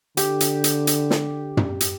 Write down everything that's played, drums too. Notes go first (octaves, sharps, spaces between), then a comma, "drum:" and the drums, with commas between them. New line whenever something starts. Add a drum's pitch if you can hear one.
D3 G4, drum: hi-hat
drum: hi-hat
drum: hi-hat
drum: hi-hat
drum: snare
drum: tom
drum: hi-hat